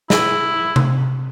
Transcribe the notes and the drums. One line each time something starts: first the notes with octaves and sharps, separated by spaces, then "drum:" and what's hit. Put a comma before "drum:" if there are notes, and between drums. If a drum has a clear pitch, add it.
E4, drum: snare
drum: tom C3